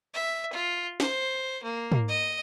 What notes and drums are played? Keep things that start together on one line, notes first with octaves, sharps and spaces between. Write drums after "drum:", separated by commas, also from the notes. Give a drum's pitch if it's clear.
E5
F4
C5, drum: snare
A#3
drum: tom
D#5